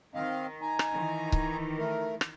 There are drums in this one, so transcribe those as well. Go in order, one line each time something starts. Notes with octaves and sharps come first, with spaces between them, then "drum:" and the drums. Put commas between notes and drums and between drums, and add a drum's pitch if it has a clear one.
D#3 C4 D#5 F5
D#4 G#5 A#5
drum: rim click
D#3 E3
drum: kick C#1
A3 A#4
drum: rim click